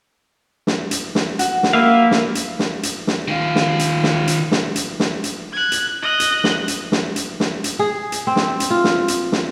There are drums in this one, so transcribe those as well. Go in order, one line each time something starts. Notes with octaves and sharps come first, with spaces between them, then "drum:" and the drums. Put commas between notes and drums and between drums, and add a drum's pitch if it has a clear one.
drum: snare
drum: hi-hat
drum: snare
F#4, drum: hi-hat
drum: snare
A#3 B4 E5 F5
drum: snare
drum: hi-hat
drum: snare
drum: hi-hat
drum: snare
D#3 F4
drum: snare
drum: hi-hat
drum: snare
drum: hi-hat
drum: snare
drum: hi-hat
drum: snare
drum: hi-hat
F#6 G#6
drum: hi-hat
D#5 F#6
drum: hi-hat
drum: snare
drum: hi-hat
drum: snare
drum: hi-hat
drum: snare
drum: hi-hat
G#4
drum: hi-hat
C4
drum: snare
drum: hi-hat
F4
drum: snare
drum: hi-hat
drum: snare